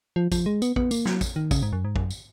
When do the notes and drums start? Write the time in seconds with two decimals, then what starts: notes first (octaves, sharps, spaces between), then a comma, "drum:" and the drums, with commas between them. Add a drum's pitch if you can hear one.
0.16 F3
0.32 F3, drum: kick A1, tambourine
0.46 G#3
0.62 B3, drum: tambourine
0.76 B3, drum: kick A1
0.91 A#3, drum: tambourine
1.06 F#3, drum: snare
1.21 drum: kick A1, tambourine
1.36 D#3
1.51 C#3, drum: kick A1, tambourine
1.63 G#2
1.73 F#2
1.85 G#2
1.96 F#2, drum: kick A1
2.11 drum: tambourine